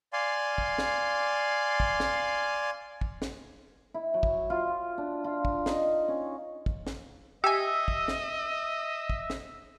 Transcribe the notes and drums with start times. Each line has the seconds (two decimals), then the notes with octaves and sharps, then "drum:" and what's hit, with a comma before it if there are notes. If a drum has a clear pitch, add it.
0.13 D5 F5 G#5 C6
0.58 drum: kick
0.78 drum: snare
1.80 drum: kick
2.00 drum: snare
3.01 drum: kick
3.22 drum: snare
3.94 E4
4.14 F#3
4.23 drum: kick
4.50 F4
4.98 D4
5.24 F4
5.45 drum: kick
5.66 D#4, drum: snare
6.08 C#4
6.66 drum: kick
6.87 drum: snare
7.44 G4 D#5 E5 G#5 E6
7.88 drum: kick
8.08 drum: snare
9.10 drum: kick
9.30 drum: snare